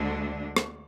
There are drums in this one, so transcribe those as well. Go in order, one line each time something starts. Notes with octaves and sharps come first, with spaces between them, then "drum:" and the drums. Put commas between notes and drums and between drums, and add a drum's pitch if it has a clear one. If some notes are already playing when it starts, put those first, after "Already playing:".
Already playing: D2 D3 G#3 D4
drum: rim click